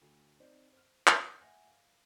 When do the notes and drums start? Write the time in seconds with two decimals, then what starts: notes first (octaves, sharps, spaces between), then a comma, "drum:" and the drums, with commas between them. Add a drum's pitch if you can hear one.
0.01 D2
0.40 C4 D#4 C5 D5
0.73 C5 F6
1.07 drum: clap
1.40 E5 F#5 G#5 A#6
1.67 F5